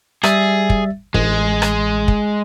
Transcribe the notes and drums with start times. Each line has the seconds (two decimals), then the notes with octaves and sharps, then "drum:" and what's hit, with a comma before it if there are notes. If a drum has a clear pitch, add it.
0.23 G3 G#4 E5 A6, drum: rim click
0.70 drum: kick
1.14 A1 G#3, drum: kick
1.62 drum: rim click
2.08 drum: kick